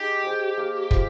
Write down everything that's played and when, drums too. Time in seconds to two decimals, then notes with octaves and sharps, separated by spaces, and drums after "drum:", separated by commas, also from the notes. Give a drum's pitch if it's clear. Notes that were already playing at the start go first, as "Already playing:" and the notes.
Already playing: D#4 G4 G#4
0.23 G#4 C5
0.57 A#3
0.91 F4 C5, drum: kick